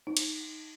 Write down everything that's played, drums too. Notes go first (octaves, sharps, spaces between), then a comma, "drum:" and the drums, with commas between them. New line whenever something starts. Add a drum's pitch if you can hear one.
D#4
drum: cymbal